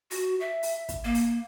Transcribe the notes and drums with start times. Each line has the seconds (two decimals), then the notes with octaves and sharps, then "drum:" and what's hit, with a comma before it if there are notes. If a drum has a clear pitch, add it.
0.11 F#4, drum: open hi-hat
0.40 E5
0.63 drum: open hi-hat
0.89 drum: kick, hi-hat
1.04 A#3
1.15 drum: open hi-hat